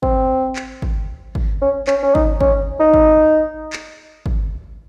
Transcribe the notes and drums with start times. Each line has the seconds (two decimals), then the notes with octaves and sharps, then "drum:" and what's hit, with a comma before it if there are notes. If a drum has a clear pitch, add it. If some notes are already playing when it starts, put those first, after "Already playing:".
0.03 C4, drum: kick
0.56 drum: clap
0.82 drum: kick
1.35 drum: kick
1.62 C#4
1.87 C#4, drum: clap
2.03 C#4
2.15 D#4, drum: kick
2.40 C#4, drum: kick
2.80 D#4
2.94 drum: kick
3.73 drum: clap
4.26 drum: kick